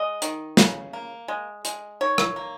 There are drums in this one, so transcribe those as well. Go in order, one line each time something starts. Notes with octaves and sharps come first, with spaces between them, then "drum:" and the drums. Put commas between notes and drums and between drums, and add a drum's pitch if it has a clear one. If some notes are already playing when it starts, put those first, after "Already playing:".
Already playing: G#3 D#5
D#3, drum: hi-hat
C#3, drum: snare
A#3
G#3
G#3, drum: hi-hat
D#3 C#5
drum: rim click
A#3